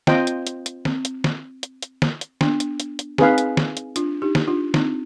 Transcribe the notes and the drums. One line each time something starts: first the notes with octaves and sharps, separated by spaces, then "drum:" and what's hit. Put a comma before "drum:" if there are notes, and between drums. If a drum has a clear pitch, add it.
C4 F4 C5 D#5 G5, drum: snare
drum: hi-hat
drum: hi-hat
drum: hi-hat
C4, drum: snare
drum: hi-hat
drum: snare
drum: hi-hat
drum: hi-hat
drum: snare
drum: hi-hat
B3 D4, drum: snare
drum: hi-hat
drum: hi-hat
drum: hi-hat
C4 D#4 G#4 B4 F5, drum: snare
drum: hi-hat
drum: snare
drum: hi-hat
D4 F4, drum: hi-hat
D#4 G4
drum: snare
D4 F4
C4 D#4, drum: snare